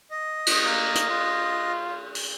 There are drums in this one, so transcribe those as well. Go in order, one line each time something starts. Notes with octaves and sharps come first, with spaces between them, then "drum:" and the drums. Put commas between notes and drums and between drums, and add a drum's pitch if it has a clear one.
D#5
drum: cymbal
A#3
drum: hi-hat
F4
drum: open hi-hat